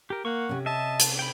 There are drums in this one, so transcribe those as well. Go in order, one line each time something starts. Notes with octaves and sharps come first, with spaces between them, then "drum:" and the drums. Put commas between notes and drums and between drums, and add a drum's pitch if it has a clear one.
G4 A#4
A#3 F#5 C#6
C3 C#4
D#5 E5 A5
drum: hi-hat
G5 B5